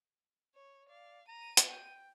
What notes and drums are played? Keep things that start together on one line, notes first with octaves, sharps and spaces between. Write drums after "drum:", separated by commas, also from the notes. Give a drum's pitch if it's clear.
C#5
D5 F5
A#5 D#7
drum: hi-hat
G5